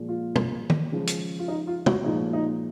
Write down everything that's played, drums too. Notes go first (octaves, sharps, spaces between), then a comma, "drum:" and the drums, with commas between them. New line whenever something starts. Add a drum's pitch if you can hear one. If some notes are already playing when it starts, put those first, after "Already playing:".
Already playing: A#2 F3 G#3
F4
drum: tom
drum: tom
C#3 F3 G#3
drum: hi-hat
F4
D#4
F4
F#4, drum: tom
A#2 F3 G#3 D#4
D#4